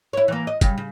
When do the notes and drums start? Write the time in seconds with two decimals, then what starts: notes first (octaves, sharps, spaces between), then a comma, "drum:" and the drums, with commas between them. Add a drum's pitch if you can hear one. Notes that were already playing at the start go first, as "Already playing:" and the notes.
0.13 E4 C#5
0.28 E3 A#3
0.47 D#5
0.61 C#3 G3, drum: kick F#1, hi-hat
0.78 C#3